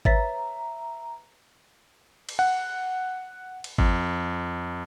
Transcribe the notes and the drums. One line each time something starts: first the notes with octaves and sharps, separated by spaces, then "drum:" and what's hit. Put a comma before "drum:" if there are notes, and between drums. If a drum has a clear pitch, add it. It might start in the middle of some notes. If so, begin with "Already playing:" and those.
B4 C#5 E5 A#5 A6 B6, drum: kick G#1
drum: cymbal
F#5
drum: cymbal
F2, drum: kick G#1